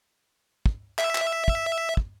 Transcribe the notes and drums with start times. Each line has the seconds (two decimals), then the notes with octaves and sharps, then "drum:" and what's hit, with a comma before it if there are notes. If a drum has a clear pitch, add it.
0.66 drum: kick
0.98 E5, drum: clap
1.15 drum: clap
1.48 drum: kick
1.97 drum: kick